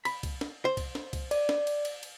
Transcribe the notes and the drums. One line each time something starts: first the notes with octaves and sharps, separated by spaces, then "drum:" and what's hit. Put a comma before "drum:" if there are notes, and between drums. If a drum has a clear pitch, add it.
B5, drum: cymbal
drum: kick, cymbal
drum: snare
C5
drum: kick, cymbal
drum: snare
drum: kick, cymbal
D5, drum: cymbal
drum: snare
drum: cymbal
drum: cymbal
drum: cymbal